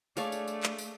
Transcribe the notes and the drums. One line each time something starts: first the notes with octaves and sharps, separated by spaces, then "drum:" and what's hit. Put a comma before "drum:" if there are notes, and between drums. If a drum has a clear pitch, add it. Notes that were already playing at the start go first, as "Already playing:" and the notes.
A3 D4 G#4 C#5 D5 F5 A5 C#6, drum: tambourine
drum: tambourine
drum: tambourine
drum: clap
drum: tambourine